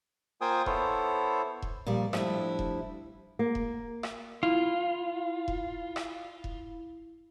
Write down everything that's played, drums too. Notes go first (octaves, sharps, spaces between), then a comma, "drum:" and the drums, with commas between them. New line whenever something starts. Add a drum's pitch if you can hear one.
A#3 F4 C5 G5 G#5 D#6
B3 E4 A4 C5 C#5, drum: kick E1
drum: kick E1
A#2 F3 G3 D5
F3 G3 A3 D4 E4, drum: rim click
drum: kick E1
A#3
drum: kick E1
drum: rim click
E4 F4
drum: kick E1
drum: rim click
drum: kick E1